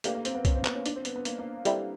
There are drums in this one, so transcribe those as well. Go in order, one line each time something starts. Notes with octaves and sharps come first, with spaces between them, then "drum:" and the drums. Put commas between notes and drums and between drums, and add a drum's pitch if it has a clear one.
A3 A#3 D4 G4 B4, drum: hi-hat
A#3
C4, drum: hi-hat
B3
C#4, drum: kick, hi-hat
C4
B3, drum: clap
C#4
D4, drum: hi-hat
C4
B3, drum: hi-hat
B3
A#3, drum: hi-hat
A#3
G3 C4 E4 A4 C5, drum: hi-hat